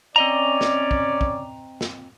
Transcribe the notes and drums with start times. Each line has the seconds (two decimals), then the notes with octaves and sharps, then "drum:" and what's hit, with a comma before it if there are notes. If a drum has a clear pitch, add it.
0.16 C4 C#4 D5 D#5 A#5
0.61 drum: snare
0.91 drum: kick
1.21 drum: kick
1.81 drum: snare